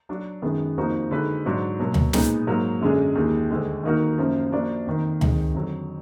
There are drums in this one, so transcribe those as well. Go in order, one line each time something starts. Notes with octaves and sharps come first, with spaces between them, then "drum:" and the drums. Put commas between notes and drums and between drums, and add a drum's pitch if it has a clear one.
F#3 D4 F#4
F#2 D#3 G#3 B3
F2 F3 A#3 D#4 F#4
D3 G#3 D#4 F#4 B4
G#2 F#3 D4 F#4
B2 F#3 A#3
drum: tom D2
A#2 G#3 B3 D#4, drum: snare
G#2 F#3 A#3
F#2 D3 G#3 D4 G#4
D#2 D#3 G#3
D2 D3 G#3
D#3 A#3 D#4 F#4 A#4
F#2 F3 A#3
F3 A#3 D4 F#4 D5
F2 D#3 A#3
F2 D#3 G#3, drum: tom D2
F2 D3 F#3